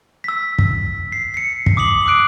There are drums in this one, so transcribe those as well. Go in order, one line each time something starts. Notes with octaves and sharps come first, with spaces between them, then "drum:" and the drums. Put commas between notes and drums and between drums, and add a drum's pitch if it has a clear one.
E6 B6
drum: kick
C7
C7 C#7
drum: kick
D6 D#6 C7 F#7
D6 E6 F#6 D7